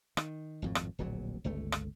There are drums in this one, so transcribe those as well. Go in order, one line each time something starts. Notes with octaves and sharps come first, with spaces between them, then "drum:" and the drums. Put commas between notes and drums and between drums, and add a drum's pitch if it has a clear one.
D#3, drum: rim click
G#1 F2 A2
drum: rim click
D1 A#1 A#2 F#3
G1 C#2 A3
drum: rim click